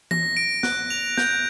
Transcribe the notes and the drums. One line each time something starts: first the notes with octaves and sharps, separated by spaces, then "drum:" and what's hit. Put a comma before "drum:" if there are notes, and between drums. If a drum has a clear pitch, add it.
A#6, drum: tom E3
D7
F#6, drum: snare
F7
G6, drum: snare